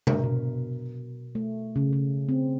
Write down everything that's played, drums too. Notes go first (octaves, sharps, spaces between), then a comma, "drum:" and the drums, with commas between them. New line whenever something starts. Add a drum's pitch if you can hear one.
A#4, drum: tom
B2
A3
C#3
C#3
C4